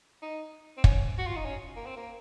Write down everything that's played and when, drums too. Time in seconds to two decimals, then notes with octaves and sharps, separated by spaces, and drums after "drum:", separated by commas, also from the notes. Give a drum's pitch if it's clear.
0.22 D#4
0.77 C4
0.84 C#4, drum: kick
1.19 F#4
1.27 F4
1.36 D#4
1.45 C#4
1.76 A#3
1.86 C4
1.97 A#3